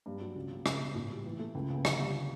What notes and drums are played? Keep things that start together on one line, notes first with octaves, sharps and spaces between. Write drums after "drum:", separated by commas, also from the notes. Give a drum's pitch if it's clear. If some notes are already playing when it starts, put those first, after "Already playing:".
G2
F#3
C#2
C#3
C#2, drum: rim click
B2
A2
G3
E3
A3
C#2
C#3
D3, drum: rim click
G3